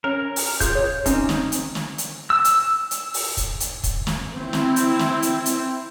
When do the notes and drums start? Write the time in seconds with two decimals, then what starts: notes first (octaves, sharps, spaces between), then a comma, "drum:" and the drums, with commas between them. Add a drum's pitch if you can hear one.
0.04 C#4 A#4
0.36 drum: open hi-hat
0.60 F4 G4 G#4 G6, drum: kick, hi-hat
0.75 C#5
1.06 C4 C#4 D#4 G4, drum: kick, hi-hat
1.29 drum: snare
1.52 drum: hi-hat
1.75 drum: snare
1.98 drum: hi-hat
2.30 E6
2.45 drum: hi-hat
2.91 drum: hi-hat
3.14 drum: open hi-hat
3.37 drum: kick, hi-hat
3.60 drum: hi-hat
3.83 drum: kick, hi-hat
4.07 drum: snare
4.37 C4 E4
4.53 drum: snare
4.76 drum: hi-hat
4.99 drum: snare
5.22 drum: hi-hat
5.46 drum: hi-hat